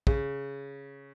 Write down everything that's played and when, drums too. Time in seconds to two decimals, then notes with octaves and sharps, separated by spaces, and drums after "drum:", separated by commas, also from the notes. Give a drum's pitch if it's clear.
0.07 C#3, drum: kick